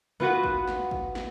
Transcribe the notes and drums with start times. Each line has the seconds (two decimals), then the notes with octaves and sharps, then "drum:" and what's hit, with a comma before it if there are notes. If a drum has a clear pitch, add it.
0.20 B3 F4 F#4 B4
0.44 drum: kick
0.67 drum: snare
0.91 drum: kick
1.15 drum: snare